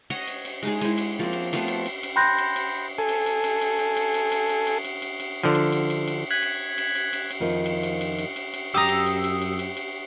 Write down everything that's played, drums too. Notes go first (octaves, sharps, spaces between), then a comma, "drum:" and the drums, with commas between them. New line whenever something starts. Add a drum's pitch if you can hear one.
C#5 D#5 F#5, drum: cymbal
drum: cymbal
drum: cymbal
G#3 D#4 G#4, drum: cymbal
G#3 E4, drum: cymbal
drum: cymbal
F3 A#3 C4
drum: cymbal
F3 A3 B3 C4, drum: cymbal
drum: cymbal
drum: cymbal
drum: cymbal
G5 B5 C6 F#6 G6 A#6
drum: cymbal
drum: cymbal
A4 G#5
drum: cymbal
drum: cymbal
drum: cymbal
drum: cymbal
drum: cymbal
drum: cymbal
drum: cymbal
drum: cymbal
drum: cymbal
drum: cymbal
drum: cymbal
drum: cymbal
drum: cymbal
D3 F3
drum: cymbal
drum: cymbal
drum: cymbal
drum: cymbal
F#6 G#6 B6 F#7
drum: cymbal
drum: cymbal
drum: cymbal
drum: cymbal
drum: cymbal
F2 D#3 F3
drum: cymbal
drum: cymbal
drum: cymbal
drum: cymbal
drum: cymbal
drum: cymbal
F#2 G4 A#5 D#6 E6
drum: cymbal
drum: cymbal
drum: cymbal
drum: cymbal
drum: cymbal
drum: cymbal